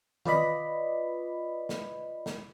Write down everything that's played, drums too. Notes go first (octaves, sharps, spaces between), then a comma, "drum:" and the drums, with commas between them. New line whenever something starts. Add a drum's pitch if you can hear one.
F4 B4 D5 D#5 B5, drum: tom D#3
drum: snare
drum: snare